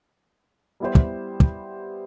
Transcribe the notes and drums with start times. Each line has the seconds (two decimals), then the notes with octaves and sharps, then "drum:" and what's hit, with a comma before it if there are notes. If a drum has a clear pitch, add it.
0.80 G3 B3 E4 G4 C5
0.95 drum: kick
1.40 drum: kick